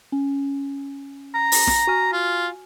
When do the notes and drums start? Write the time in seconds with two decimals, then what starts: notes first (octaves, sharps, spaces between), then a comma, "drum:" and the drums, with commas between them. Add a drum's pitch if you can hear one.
0.12 C#4
1.35 A#5
1.52 drum: open hi-hat
1.67 drum: snare
1.87 F#4 G#5 F6
2.13 F4